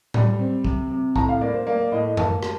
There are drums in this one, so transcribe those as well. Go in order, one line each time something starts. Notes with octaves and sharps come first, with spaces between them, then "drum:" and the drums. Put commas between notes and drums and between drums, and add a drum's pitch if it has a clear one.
G3, drum: tom A2
C4
C3, drum: kick
C3
A2 A#5, drum: kick
F5
A#3 D5
C5
A#3 D5
D5
A2 D#5
D#5
A#3 A5, drum: tom F#2
A#3, drum: rim click